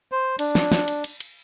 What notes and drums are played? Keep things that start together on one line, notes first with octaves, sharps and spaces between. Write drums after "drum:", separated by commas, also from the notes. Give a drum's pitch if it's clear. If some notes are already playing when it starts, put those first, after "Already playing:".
C5
D4, drum: cymbal
drum: snare
drum: snare
drum: cymbal
drum: cymbal
drum: cymbal